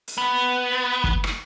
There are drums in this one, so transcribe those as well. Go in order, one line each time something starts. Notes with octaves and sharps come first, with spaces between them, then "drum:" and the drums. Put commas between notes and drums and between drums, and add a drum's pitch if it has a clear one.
drum: hi-hat
B3
drum: kick
drum: rim click